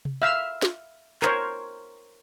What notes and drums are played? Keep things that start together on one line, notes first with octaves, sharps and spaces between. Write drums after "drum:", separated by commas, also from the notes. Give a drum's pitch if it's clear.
drum: tom C3
E5 F5 E6
drum: snare
A#4 C5 C#5, drum: clap